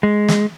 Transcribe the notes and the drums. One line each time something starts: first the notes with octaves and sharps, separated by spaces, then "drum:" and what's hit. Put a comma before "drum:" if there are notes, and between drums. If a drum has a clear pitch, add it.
G#3
drum: snare